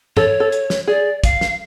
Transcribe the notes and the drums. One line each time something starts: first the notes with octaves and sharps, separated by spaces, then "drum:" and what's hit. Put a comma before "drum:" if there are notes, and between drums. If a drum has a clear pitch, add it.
A4 C#5, drum: tom G2
A4
drum: hi-hat
drum: snare
G#4 D5
F5, drum: kick, hi-hat
drum: snare